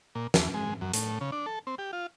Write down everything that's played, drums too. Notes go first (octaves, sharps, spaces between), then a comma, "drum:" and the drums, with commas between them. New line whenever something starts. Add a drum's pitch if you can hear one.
A#2
E2, drum: snare
G#3
F#2
A2, drum: hi-hat
C#3
D4
A4
C4
G4
F4